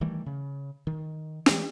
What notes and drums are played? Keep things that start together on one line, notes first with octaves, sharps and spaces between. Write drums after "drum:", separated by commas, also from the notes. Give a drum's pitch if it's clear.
D#3 E3 G3 A3
C#3
D#3
E3 G#3 A3 C4, drum: snare